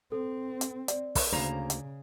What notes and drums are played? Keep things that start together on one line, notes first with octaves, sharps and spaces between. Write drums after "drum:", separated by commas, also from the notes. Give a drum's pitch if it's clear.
C4 A4
drum: hi-hat
D5, drum: hi-hat
drum: kick, open hi-hat
D2 C#3 A#3 C5 A#5
drum: hi-hat